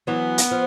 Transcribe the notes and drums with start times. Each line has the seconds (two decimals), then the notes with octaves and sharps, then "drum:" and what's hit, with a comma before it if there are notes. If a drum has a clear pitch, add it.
0.07 E3 F#3 B3
0.38 drum: hi-hat
0.51 F3